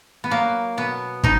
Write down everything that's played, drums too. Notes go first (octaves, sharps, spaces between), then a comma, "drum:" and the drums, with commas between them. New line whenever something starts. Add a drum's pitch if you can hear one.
B3
F#3 A#3
B2 B3
B2 D#4, drum: kick